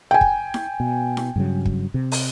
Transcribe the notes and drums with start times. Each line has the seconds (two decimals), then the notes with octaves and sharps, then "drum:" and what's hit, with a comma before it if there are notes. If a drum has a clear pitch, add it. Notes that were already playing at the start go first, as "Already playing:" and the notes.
0.11 G5 G#5
0.21 drum: kick
0.54 drum: snare E4
0.80 B2
1.17 drum: snare E4
1.36 G2 C#3 F#3
1.65 drum: kick
1.94 C3
2.12 drum: open hi-hat